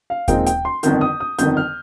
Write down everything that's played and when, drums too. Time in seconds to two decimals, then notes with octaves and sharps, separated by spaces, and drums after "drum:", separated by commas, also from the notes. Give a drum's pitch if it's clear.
0.10 F5
0.28 A#2 G#3 C4 D#4 G5, drum: kick D#2, hi-hat
0.47 G5, drum: hi-hat
0.65 C6
0.83 G1 F2 D#3 G6, drum: hi-hat
1.01 D#6
1.20 D#6
1.39 G1 F2 D#3 G6, drum: hi-hat
1.57 F6